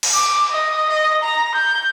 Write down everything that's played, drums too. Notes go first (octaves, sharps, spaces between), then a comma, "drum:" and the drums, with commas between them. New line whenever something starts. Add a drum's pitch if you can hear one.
drum: cymbal
D6
D#5
D#5
A#5
G6